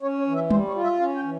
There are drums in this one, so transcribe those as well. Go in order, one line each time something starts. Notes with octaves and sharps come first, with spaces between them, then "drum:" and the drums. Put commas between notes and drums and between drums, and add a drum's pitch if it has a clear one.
C#4 C#5
C#5
E3
E5
G3 C5, drum: tom G3
C#5
F4
E5
C#4 F5
G5
E3